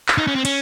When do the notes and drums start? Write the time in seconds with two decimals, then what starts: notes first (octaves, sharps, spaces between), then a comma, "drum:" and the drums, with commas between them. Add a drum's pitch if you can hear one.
0.08 drum: clap
0.18 D#4
0.27 C#4
0.35 C4
0.45 C#4, drum: cymbal